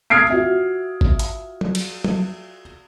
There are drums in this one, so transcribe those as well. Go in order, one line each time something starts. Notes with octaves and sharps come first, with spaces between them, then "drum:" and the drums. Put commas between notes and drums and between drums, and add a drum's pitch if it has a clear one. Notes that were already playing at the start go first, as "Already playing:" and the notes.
D#6 F6 G#6 C7 D7
F4 F#4 E5
drum: kick G#1
drum: hi-hat
drum: tom F#3
drum: cymbal
drum: tom F#3